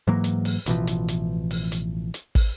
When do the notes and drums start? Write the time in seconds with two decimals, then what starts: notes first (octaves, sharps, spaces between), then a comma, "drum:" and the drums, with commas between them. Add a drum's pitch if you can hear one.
0.07 G#2 E3 F#3 A#3
0.24 drum: hi-hat
0.45 drum: open hi-hat
0.66 A1 B2 E3 F3, drum: hi-hat
0.87 drum: hi-hat
1.08 drum: hi-hat
1.51 drum: open hi-hat
1.72 drum: hi-hat
2.14 drum: hi-hat
2.35 drum: kick, open hi-hat